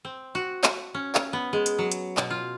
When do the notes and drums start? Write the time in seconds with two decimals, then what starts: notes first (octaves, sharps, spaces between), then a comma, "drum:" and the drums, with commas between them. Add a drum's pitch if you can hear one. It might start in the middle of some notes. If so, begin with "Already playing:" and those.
0.05 C4
0.35 F#4
0.64 drum: clap
0.94 C#4
1.15 drum: clap
1.33 B3
1.53 G#3
1.66 drum: hi-hat
1.79 F#3
1.92 drum: hi-hat
2.17 B2, drum: clap
2.30 F4